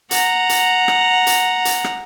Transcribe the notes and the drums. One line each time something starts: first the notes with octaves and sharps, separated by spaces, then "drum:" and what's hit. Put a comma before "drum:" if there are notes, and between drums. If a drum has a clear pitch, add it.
F#5 A#5, drum: hi-hat
drum: hi-hat
drum: rim click
drum: hi-hat
drum: hi-hat
drum: rim click